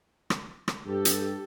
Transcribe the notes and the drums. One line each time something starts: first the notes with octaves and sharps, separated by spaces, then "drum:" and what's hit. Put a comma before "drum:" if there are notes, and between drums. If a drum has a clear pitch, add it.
drum: rim click
drum: rim click
G2 G4 A4
drum: hi-hat